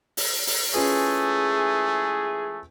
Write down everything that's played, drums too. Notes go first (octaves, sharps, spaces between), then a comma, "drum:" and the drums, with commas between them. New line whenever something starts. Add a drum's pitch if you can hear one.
drum: open hi-hat
drum: open hi-hat
E3 G#3 A3 C#4 F4 G#4 B4